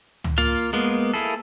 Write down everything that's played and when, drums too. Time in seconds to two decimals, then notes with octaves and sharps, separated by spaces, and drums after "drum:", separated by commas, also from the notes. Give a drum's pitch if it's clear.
0.24 drum: tom C#2
0.38 A#3 F4 F5
0.73 G#3 A#3 B3
1.14 A#3 E4 G#4 A4